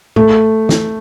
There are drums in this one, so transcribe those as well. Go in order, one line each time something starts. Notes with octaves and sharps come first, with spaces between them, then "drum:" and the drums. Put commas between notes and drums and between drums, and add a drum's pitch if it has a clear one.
A3, drum: tom A2
drum: snare